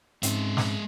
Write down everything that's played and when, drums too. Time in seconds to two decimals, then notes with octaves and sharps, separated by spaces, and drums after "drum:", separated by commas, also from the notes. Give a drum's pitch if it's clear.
0.23 G#2 G#3 C4 C#4 E5, drum: hi-hat
0.57 drum: snare